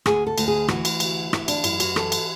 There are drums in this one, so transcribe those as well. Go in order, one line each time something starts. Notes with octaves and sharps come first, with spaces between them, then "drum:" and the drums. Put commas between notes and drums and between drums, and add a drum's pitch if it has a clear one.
D2 G#4, drum: rim click
A4
D2, drum: cymbal
G#4
E3 F#4, drum: rim click
drum: cymbal
D2, drum: cymbal
E3 E4, drum: rim click
D4, drum: cymbal
F#2 E4, drum: cymbal
F#4, drum: cymbal
E3 A4, drum: rim click
drum: cymbal